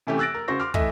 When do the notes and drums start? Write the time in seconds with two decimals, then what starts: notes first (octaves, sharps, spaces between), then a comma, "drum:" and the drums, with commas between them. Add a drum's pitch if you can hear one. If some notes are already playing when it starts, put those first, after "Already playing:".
0.07 C3 E3 A3 C#4 G4
0.19 E6 F#6 A6 A#6 D7
0.34 A#4
0.48 C#3 F#4 C5 C#6 A#6
0.60 C6 D6 F6
0.74 E3 A3 D#5 E5, drum: kick